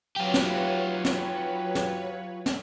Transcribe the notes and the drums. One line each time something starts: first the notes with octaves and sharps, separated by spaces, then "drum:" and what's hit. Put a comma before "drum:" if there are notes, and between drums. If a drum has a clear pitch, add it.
F#3 F4 G4 B4 C#5
drum: snare
drum: snare
drum: snare
drum: snare